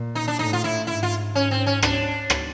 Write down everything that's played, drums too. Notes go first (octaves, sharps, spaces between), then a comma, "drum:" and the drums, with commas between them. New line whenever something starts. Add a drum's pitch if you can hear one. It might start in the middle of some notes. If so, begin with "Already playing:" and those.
Already playing: A#2
D#4
D4
A2 D#4
F4
E4
G#2 E4
F4
G#2 C#4
C4
C#4
D4, drum: rim click
drum: rim click